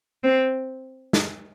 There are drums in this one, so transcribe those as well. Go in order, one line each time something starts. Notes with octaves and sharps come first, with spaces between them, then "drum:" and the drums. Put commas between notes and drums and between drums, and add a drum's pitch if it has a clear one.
C4
drum: snare